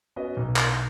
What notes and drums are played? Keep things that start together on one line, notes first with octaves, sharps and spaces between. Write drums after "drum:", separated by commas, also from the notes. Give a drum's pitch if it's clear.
B3 C#4 F#4 B4 D#5
B1
drum: clap